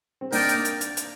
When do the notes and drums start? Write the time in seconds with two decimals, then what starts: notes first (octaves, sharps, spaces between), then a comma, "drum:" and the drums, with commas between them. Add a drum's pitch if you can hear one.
0.21 C4
0.32 A#3 D4 D#4 A#4 D5 G5, drum: open hi-hat
0.49 drum: hi-hat
0.65 drum: hi-hat
0.81 drum: hi-hat
0.97 drum: hi-hat